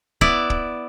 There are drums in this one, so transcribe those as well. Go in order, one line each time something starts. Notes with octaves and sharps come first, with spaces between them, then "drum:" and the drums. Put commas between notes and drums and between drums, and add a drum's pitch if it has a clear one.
B3 E4 D5, drum: kick
drum: kick